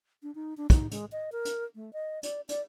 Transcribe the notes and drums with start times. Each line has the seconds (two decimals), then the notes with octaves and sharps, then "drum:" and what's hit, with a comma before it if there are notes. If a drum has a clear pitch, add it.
0.23 D4
0.35 D#4
0.57 D4
0.70 D#4, drum: kick, hi-hat
0.91 G#3, drum: hi-hat
1.12 D#5
1.32 A#4
1.45 drum: hi-hat
1.75 A3
1.93 D#5
2.23 D5, drum: hi-hat
2.49 D5, drum: hi-hat